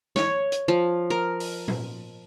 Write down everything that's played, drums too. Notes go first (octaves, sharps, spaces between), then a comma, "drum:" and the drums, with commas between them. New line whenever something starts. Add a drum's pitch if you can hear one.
C#5, drum: snare
drum: hi-hat
F3
A#4
drum: open hi-hat
drum: tom A#2